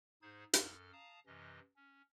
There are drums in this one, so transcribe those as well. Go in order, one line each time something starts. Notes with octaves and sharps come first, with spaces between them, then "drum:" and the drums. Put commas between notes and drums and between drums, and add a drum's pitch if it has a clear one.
G#2 D#4 G#4 C5 G#6
F#2 A4 F6, drum: hi-hat
F5 A5 A#5 D#6
F#2 C3 E3 C#4 D#5
C#4